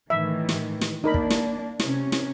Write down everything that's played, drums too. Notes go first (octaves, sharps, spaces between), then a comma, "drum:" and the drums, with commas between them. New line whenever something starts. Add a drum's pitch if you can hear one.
A2 D#3 E3 E5
drum: snare
drum: snare
A#3 D4 D#4 A#4 B5
drum: kick
drum: snare
C3 C#4, drum: snare
drum: snare